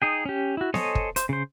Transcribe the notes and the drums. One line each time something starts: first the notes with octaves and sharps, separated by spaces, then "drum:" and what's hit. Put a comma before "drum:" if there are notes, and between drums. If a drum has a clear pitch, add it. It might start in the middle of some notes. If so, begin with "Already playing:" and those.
D#4 G#4 G5
C#4 G4
E4 F#4
A4 C5 C#5 D#5 G#5, drum: snare B3
drum: kick
C5, drum: hi-hat
C#3 C5